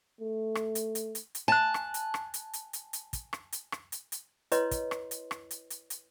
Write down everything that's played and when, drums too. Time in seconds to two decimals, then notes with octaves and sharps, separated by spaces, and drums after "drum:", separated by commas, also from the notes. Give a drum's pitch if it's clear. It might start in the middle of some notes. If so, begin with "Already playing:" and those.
0.21 A3
0.55 drum: rim click
0.75 drum: hi-hat
0.95 drum: hi-hat
1.15 drum: hi-hat
1.35 drum: hi-hat
1.48 G#5 A5 F#6
1.74 drum: rim click
1.94 drum: hi-hat
2.14 drum: rim click
2.34 drum: hi-hat
2.53 drum: hi-hat
2.73 drum: hi-hat
2.93 drum: hi-hat
3.13 drum: kick, hi-hat
3.33 drum: rim click
3.53 drum: hi-hat
3.72 drum: rim click
3.92 drum: hi-hat
4.12 drum: hi-hat
4.52 E4 B4 C#5 D#5 C6, drum: hi-hat
4.71 drum: kick, hi-hat
4.91 drum: rim click
5.11 drum: hi-hat
5.31 drum: rim click
5.51 drum: hi-hat
5.70 drum: hi-hat
5.90 drum: hi-hat